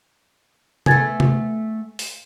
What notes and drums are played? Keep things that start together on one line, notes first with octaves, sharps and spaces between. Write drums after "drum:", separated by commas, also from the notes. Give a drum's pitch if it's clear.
A3 B3 G#5 G#6 A6, drum: tom C3
drum: tom C3
drum: open hi-hat